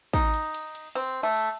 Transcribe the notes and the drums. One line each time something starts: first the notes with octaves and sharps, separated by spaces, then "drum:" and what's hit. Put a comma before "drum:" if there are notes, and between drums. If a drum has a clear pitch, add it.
D#4, drum: kick, cymbal
drum: cymbal
drum: cymbal
drum: cymbal
C4, drum: cymbal
A3
drum: cymbal